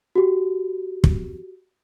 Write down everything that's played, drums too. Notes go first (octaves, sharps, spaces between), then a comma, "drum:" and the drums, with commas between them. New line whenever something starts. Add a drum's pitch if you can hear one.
F#4 G4
drum: kick